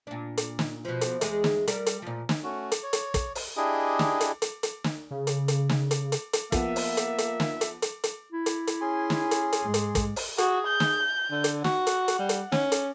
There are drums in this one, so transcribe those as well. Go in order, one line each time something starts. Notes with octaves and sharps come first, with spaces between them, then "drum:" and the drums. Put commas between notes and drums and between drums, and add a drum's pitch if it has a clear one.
A#2 D4
drum: hi-hat
drum: snare
B2 F3
drum: hi-hat
E2 G#3 G#4, drum: hi-hat
drum: snare
G3 A#4 D5, drum: hi-hat
drum: hi-hat
A#2 F3
drum: snare
A3 C#4 F#4
drum: hi-hat
C#5
drum: hi-hat
drum: kick, hi-hat
drum: open hi-hat
D4 E4 G4 G#4 D#5
drum: snare
drum: hi-hat
drum: hi-hat
drum: hi-hat
drum: snare
C#3
drum: hi-hat
drum: hi-hat
drum: snare
drum: hi-hat
drum: hi-hat
drum: hi-hat
F3 A#3 B3 E5, drum: kick, hi-hat
drum: open hi-hat
drum: hi-hat
drum: hi-hat
drum: snare
drum: hi-hat
drum: hi-hat
drum: hi-hat
E4
drum: hi-hat
drum: hi-hat
C#4 G#4 G#5 C6
drum: snare
drum: hi-hat
drum: hi-hat
G#2 G#3
drum: hi-hat
drum: kick, hi-hat
drum: open hi-hat
F#4 G#4, drum: hi-hat
G6
drum: snare
D3
drum: hi-hat
F#4 F#5, drum: snare
drum: hi-hat
drum: hi-hat
G3
drum: hi-hat
C#4, drum: snare
drum: hi-hat